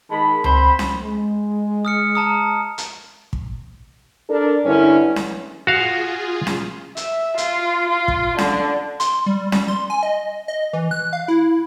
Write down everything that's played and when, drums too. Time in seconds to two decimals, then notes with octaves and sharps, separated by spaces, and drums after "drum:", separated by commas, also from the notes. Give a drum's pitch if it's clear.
0.11 D#3 G#3 A5 B5
0.44 C4 C5 B5, drum: tom C#2
0.79 drum: snare C#4
1.03 G#3
1.85 D#6 F6 C#7
2.15 A5 A#5 D#6
2.78 drum: hi-hat
3.33 drum: kick
4.29 D4 A4 A#4
4.65 G2 D3 C#4 E4
5.16 drum: snare C#4
5.67 F4 F#4 G#4 F5
6.47 drum: snare C#4
6.97 E5, drum: hi-hat
7.38 F4, drum: hi-hat
7.90 F4
8.08 drum: kick
8.38 D3, drum: snare C#4
9.00 C6, drum: hi-hat
9.26 G3
9.52 G3, drum: snare C#4
9.68 C6
9.90 G#5
10.03 D#5
10.48 D#5
10.73 E3
10.91 F#6
11.13 F5
11.28 E4